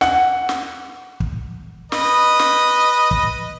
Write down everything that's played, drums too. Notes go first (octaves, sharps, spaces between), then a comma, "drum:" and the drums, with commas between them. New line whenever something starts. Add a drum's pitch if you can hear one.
F#5, drum: snare
drum: snare
drum: kick
B4 D#5, drum: snare
drum: snare
drum: kick